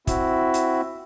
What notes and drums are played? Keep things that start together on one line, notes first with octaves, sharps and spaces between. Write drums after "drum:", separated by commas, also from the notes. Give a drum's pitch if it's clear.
C4 E4 F#4 E5, drum: kick, hi-hat
drum: hi-hat